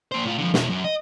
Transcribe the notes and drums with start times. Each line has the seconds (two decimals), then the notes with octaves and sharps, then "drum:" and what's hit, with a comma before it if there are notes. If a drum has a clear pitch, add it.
0.12 A#3 C5
0.24 A2 F4
0.38 D3 F3
0.54 B2 E4, drum: snare
0.70 F#2
0.84 D#5